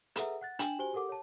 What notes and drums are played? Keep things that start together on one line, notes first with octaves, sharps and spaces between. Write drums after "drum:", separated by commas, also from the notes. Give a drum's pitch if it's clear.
G#4 A4 B4 E5 F#5 A#5, drum: hi-hat
F#5 F#6 A6
D4 G5 G#5 E7 F#7, drum: hi-hat
F#4 G4 C5 G#5 G7
G4 A4 A#4 F#5 D6
C#5 A5